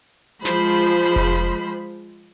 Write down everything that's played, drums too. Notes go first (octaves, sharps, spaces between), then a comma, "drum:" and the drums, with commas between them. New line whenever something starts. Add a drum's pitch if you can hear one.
F3 G#3 C5 B5, drum: snare
drum: kick F1